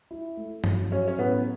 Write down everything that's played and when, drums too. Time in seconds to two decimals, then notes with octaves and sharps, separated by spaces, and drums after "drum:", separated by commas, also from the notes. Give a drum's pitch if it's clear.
0.11 E4
0.37 A3
0.64 F#3, drum: tom G2
0.91 F#3 C#4
1.08 C#4
1.18 A2 B3